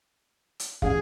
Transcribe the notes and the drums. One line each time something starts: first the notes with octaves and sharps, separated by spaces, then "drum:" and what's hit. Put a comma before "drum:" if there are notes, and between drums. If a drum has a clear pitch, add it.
drum: hi-hat
A1 G#4 F5, drum: kick